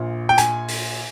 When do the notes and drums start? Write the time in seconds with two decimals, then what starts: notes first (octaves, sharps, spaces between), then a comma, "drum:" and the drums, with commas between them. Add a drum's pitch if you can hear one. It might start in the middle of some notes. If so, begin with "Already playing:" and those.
Already playing: A#1 A#2
0.29 G5
0.38 G#5, drum: hi-hat
0.68 drum: open hi-hat